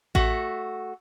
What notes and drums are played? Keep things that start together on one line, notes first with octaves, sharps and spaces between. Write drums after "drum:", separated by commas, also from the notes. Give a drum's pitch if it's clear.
A3 F#4, drum: kick A1